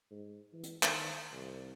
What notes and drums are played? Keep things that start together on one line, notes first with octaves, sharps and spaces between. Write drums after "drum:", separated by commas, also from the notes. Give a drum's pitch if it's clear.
G#2
E3
drum: hi-hat
D#3, drum: clap
C2